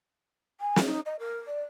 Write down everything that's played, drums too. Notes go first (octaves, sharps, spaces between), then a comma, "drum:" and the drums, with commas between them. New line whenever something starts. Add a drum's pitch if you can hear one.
G#5
drum: snare
D#4
D#5
A#4
D5